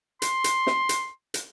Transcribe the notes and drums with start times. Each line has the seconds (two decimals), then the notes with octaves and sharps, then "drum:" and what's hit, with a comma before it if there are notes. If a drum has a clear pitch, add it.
0.22 C6, drum: hi-hat
0.44 drum: hi-hat
0.67 drum: snare
0.89 drum: hi-hat
1.34 drum: hi-hat